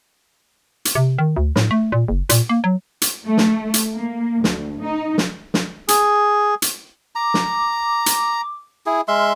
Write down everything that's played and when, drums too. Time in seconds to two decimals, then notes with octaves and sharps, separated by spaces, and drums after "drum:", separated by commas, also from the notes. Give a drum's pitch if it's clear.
0.85 drum: hi-hat
0.95 C3
1.18 D#3
1.36 D2
1.56 A2, drum: snare
1.71 A3
1.92 A#2
2.08 F#1
2.29 A#2, drum: hi-hat
2.49 A#3
2.64 F#3
3.02 drum: hi-hat
3.28 A3
3.38 drum: snare
3.74 drum: hi-hat
3.94 A#3
4.44 D2, drum: snare
4.82 D#4
5.18 drum: snare
5.54 drum: snare
5.88 G#4, drum: hi-hat
6.62 drum: hi-hat
7.15 A#5 D6
7.34 drum: snare
8.06 drum: hi-hat
8.86 E4 G#4
9.08 G#3 E5 C6 F6